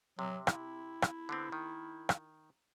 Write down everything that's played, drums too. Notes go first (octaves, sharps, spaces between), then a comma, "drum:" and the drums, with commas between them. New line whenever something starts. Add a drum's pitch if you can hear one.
C3 F#3
E4, drum: rim click
drum: rim click
D3 B3 C4
D#3
drum: rim click